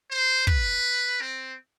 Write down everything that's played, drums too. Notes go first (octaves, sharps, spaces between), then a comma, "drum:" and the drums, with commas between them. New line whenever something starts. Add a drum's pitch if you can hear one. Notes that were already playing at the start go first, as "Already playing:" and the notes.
C5
B4, drum: kick
C4